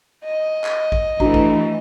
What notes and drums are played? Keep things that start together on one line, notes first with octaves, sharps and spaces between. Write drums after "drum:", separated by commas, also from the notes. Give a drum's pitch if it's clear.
D#5
drum: clap
drum: kick
E3 A3 D4 F#4 A#5, drum: kick
drum: kick